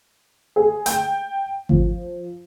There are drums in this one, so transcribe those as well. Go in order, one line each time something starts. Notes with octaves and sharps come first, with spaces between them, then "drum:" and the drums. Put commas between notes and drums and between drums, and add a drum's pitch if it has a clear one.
G#4
G5, drum: hi-hat
F3, drum: kick G#1